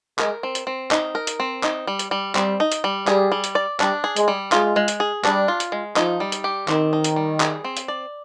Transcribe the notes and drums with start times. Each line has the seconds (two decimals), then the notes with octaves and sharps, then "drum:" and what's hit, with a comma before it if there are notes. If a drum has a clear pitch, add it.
0.19 G#3 A#4, drum: clap
0.43 C4
0.55 drum: hi-hat
0.67 C4
0.91 D#4, drum: clap
1.15 A#4
1.27 drum: hi-hat
1.40 C4
1.63 D#4, drum: clap
1.87 G3
1.99 drum: hi-hat
2.11 G3
2.35 G3 C4, drum: clap
2.60 D#4
2.72 drum: hi-hat
2.84 G3
3.07 G3 G#4, drum: clap
3.32 G3
3.44 drum: hi-hat
3.55 D5
3.80 G3 D4, drum: clap
4.04 G#4
4.16 G#3, drum: hi-hat
4.28 G3
4.52 G#3 F4, drum: clap
4.76 G#3
4.88 drum: hi-hat
5.00 G#4
5.25 G3 D4, drum: clap
5.48 F4
5.60 drum: hi-hat
5.72 G#3
5.96 F3 D#4, drum: clap
6.20 G3
6.32 drum: hi-hat
6.44 G4
6.68 D#3 C4, drum: clap
6.93 D#4
7.04 drum: hi-hat
7.16 G3
7.40 G#4, drum: clap
7.64 C4
7.77 drum: hi-hat
7.88 D5